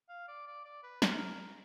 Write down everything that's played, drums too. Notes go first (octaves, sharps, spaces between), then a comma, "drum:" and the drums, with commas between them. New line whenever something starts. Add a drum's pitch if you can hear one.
F5
D5
D5
D5
B4
A#4, drum: snare